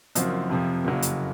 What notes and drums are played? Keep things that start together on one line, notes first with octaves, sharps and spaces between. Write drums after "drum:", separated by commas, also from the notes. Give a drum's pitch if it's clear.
F#1 F#2 F3 C4 F#4, drum: hi-hat
F2 C3 F3
F#1 F2 C#3 F#3 A#3
drum: hi-hat